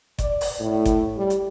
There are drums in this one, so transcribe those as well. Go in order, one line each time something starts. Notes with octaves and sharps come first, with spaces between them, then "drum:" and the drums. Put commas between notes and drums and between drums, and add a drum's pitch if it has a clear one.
D5, drum: kick G1, hi-hat
drum: open hi-hat
A2
drum: kick G1, hi-hat
G3
drum: hi-hat